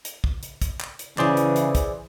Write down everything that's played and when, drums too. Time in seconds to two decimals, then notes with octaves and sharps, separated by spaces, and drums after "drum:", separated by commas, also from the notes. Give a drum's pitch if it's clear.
0.05 drum: hi-hat
0.24 drum: kick
0.43 drum: hi-hat
0.62 drum: kick, hi-hat
0.80 drum: clap
0.99 drum: hi-hat
1.18 C#3 E3 G#4 C5 D5, drum: clap
1.37 drum: hi-hat
1.56 drum: hi-hat
1.75 drum: kick, hi-hat